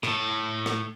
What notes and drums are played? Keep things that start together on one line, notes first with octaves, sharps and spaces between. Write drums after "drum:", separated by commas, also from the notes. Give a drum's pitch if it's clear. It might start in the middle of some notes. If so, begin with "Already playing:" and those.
A2 A4, drum: rim click
drum: rim click